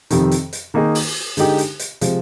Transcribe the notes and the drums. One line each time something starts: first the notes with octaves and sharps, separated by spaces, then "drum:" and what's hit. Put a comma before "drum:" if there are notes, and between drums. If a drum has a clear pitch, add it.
F2 C3 D#3, drum: hi-hat
drum: hi-hat
drum: hi-hat
D#3 A#3 D#4 G#4
drum: open hi-hat
D3 G#3 D#4 G4, drum: hi-hat
drum: hi-hat
drum: hi-hat
C3 F3 G#3, drum: hi-hat